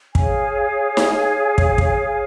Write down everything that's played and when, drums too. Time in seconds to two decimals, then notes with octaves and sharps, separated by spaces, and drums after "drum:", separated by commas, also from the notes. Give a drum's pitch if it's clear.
0.15 G#4 C#5 F5 G#5, drum: kick
0.97 drum: snare D#4
1.58 drum: kick
1.78 drum: kick